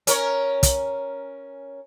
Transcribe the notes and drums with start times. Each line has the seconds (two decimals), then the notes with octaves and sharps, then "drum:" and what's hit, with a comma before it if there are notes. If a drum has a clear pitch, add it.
0.07 C#4 A#4 C#5, drum: hi-hat
0.63 drum: kick, hi-hat